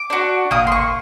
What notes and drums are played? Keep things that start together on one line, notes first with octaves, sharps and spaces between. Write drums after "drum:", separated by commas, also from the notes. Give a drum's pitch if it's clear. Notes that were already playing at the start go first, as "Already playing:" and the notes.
Already playing: D6
D4 F#4
A#3 D#6, drum: tom G#1
C6
C#6